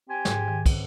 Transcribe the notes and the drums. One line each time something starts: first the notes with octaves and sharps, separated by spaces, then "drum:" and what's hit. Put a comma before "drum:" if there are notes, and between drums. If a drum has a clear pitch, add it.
C4 G4 G#5
G#2, drum: snare
D#3
drum: kick, cymbal